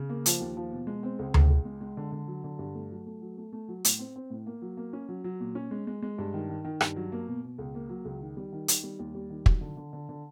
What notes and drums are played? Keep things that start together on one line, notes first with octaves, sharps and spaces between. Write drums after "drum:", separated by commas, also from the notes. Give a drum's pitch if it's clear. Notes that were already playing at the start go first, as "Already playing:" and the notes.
Already playing: C#3
A#3
F3, drum: hi-hat
D#2
F3
B2
G#3
C4
C#2
C#2, drum: tom D2
C#2
G#3
G#3
D3
D3
F#3
D3
G2
A3
F#3
A3
F#3
A3
A3
F#3
A2, drum: hi-hat
C4
C4
A2
A#3
F#3
A#3
C#4
F#3
F#3
A#2
C#4
G#3
G#3
G#3
G2
D#3
D#3
D#3
G2, drum: rim click
F#3
A#3
B2
B2
C#2
A#3
F#3
C#2
D#3
G3
D#3
D#3, drum: hi-hat
G3
D#2
G3
D#3
F#3, drum: kick
D3
D3
D3
D3